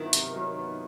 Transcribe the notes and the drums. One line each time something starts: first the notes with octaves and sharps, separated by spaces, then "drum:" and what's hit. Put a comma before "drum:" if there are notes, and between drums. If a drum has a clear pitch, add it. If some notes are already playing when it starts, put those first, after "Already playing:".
Already playing: D#3 F#3 B3 E4
C3, drum: hi-hat
F#3
B3